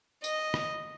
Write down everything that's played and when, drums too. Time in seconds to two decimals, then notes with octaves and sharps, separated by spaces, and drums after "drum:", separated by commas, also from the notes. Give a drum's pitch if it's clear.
0.24 D#5, drum: tambourine
0.54 drum: rim click